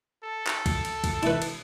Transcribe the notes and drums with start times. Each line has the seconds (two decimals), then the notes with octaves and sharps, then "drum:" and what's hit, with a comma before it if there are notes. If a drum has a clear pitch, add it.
0.24 A4
0.47 drum: clap
0.66 drum: kick, cymbal
0.85 drum: cymbal
1.04 drum: kick, cymbal
1.23 E4 B4, drum: cymbal
1.42 drum: cymbal